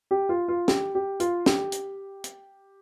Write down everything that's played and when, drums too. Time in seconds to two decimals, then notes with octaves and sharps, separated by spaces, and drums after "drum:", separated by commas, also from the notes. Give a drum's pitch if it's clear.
0.11 G4
0.29 F4
0.48 F4
0.68 G4, drum: snare
0.95 G4
1.20 F4, drum: hi-hat
1.46 G4, drum: snare
1.72 drum: hi-hat
2.24 drum: hi-hat